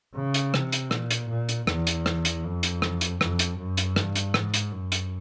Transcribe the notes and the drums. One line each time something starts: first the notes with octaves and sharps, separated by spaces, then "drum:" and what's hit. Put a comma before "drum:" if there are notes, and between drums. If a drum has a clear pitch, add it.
C#3
drum: hi-hat
C3, drum: rim click
drum: hi-hat
A#2, drum: rim click
drum: hi-hat
A#2
drum: hi-hat
E2, drum: rim click
drum: hi-hat
drum: rim click
drum: hi-hat
F2
drum: hi-hat
drum: rim click
drum: hi-hat
F2, drum: rim click
drum: hi-hat
F#2
drum: hi-hat
G2, drum: rim click
drum: hi-hat
G#2, drum: rim click
drum: hi-hat
F#2
drum: hi-hat